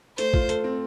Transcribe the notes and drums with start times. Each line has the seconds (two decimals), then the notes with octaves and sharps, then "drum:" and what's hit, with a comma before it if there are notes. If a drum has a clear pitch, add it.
0.18 A3 C5, drum: hi-hat
0.34 F4, drum: kick
0.49 A4, drum: hi-hat
0.64 C4